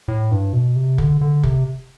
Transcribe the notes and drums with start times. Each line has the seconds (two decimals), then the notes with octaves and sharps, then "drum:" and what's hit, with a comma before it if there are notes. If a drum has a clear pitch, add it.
0.08 A2
0.31 G2
0.53 B2
0.76 C3
0.98 D3, drum: kick
1.21 D3
1.43 C3, drum: kick